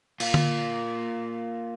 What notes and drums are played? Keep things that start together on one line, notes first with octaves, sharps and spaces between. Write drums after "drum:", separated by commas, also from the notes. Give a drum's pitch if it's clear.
A#3 F4, drum: cymbal
drum: tom D3